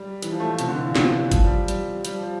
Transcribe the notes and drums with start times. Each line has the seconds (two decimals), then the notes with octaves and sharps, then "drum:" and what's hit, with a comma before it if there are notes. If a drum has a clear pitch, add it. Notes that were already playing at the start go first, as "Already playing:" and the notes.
Already playing: G3
0.22 E3, drum: hi-hat
0.32 F3
0.40 A3
0.50 F3
0.59 C3, drum: hi-hat
0.68 D3
0.76 E3
0.86 A#2
0.96 C3, drum: snare
1.07 E3
1.19 E3
1.32 F3, drum: kick G1, hi-hat
1.44 G3
1.68 G3, drum: hi-hat
2.05 G3, drum: hi-hat
2.13 F3
2.23 F3